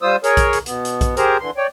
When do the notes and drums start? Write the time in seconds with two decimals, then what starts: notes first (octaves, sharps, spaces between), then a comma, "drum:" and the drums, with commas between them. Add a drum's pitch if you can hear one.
0.02 G3 F4 C5 D#6 E6
0.24 G#4 A#4 C#5, drum: hi-hat
0.37 drum: kick A#1, hi-hat
0.53 drum: hi-hat
0.66 B2 B3, drum: hi-hat
0.85 drum: hi-hat
1.01 drum: kick A#1, hi-hat
1.17 G4 G#4 A#4 C5 A#5, drum: hi-hat
1.40 D3 E3 C6
1.57 C#5 D5 G5